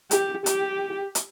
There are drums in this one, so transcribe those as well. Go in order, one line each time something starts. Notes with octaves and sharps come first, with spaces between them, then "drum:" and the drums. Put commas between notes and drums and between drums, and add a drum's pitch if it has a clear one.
G4, drum: hi-hat
G4, drum: hi-hat
drum: hi-hat